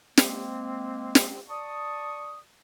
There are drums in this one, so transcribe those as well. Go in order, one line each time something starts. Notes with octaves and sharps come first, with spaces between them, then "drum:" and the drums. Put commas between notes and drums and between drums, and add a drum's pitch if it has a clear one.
G#3 A#3 C4, drum: snare
drum: snare
D5 A5 C#6 D#6